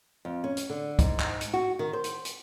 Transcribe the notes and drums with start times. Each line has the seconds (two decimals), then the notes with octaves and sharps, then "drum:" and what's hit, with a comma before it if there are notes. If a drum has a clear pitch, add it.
0.25 F2
0.44 C#4
0.57 drum: hi-hat
0.70 D3
0.99 G#2, drum: kick, hi-hat
1.20 drum: clap
1.41 drum: hi-hat
1.54 F#4
1.79 D#3
1.93 C5
2.04 drum: hi-hat
2.25 drum: hi-hat